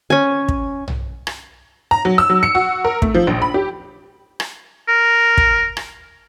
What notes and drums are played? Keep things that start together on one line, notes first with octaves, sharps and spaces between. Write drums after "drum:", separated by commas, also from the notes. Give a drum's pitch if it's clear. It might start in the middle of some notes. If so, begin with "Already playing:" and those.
C#4 G#5
drum: kick
drum: tom B1
drum: rim click
A#5
F#3
E6
F#3
C#7
F#4
A#4
A3, drum: kick
F3
A#1
B5
G4
drum: rim click
A#4
drum: kick
drum: rim click